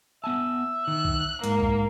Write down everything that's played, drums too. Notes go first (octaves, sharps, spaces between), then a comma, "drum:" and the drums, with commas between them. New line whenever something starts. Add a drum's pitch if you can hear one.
B3 E5 G#5 A5
D#3 F#6
drum: kick
G#2 A#3, drum: hi-hat
drum: kick